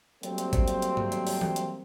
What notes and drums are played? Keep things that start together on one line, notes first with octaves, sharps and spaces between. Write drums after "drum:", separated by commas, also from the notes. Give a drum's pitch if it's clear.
F#3 G3 A3 A#3 C4, drum: hi-hat
drum: hi-hat
drum: kick G#1, hi-hat
drum: hi-hat
drum: hi-hat
drum: tom
drum: hi-hat
drum: open hi-hat
drum: tom E3
drum: hi-hat